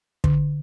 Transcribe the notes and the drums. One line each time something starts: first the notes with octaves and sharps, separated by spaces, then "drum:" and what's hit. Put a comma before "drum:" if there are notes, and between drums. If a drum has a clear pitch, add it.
D3, drum: kick